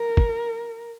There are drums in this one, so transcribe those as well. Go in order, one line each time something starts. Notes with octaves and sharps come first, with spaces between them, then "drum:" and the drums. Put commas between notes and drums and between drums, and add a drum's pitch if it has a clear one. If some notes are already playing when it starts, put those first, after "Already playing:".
Already playing: A#4
drum: kick